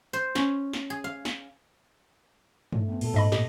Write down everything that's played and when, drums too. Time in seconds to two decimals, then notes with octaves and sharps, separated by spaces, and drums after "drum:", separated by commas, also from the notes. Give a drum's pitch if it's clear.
0.13 C5
0.35 C#4, drum: snare
0.73 drum: snare
0.90 G#4
1.04 F5
1.25 drum: snare
2.73 A3, drum: tom G2
2.89 B3 C4
3.01 A#2 A4, drum: cymbal
3.14 G#2 D#5 B5
3.32 A#2 G4 D#5, drum: snare